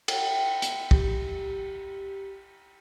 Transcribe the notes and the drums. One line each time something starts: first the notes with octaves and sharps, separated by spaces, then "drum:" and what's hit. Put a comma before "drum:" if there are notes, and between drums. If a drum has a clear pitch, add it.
G5, drum: cymbal
drum: hi-hat
G4, drum: kick